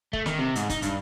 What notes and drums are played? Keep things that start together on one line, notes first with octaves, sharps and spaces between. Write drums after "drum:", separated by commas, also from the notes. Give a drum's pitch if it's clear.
A3, drum: kick
D#3, drum: snare
C3
G#2, drum: hi-hat
D#4, drum: kick, hi-hat
G2, drum: hi-hat